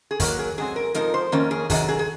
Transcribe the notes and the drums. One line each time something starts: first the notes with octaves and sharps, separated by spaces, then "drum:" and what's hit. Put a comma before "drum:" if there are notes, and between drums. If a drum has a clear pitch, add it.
G#4
D#3 F#3 A#3 A#4, drum: kick, open hi-hat
G#4
G#2 F#3 C4 G#4
A#4
G#2 F3 C4 D#4 A#4, drum: hi-hat
C5
F2 D#3 A#3 C#4 A#4
G#4
C3 D#3 F#3 G#4, drum: kick, open hi-hat
G#4
G#4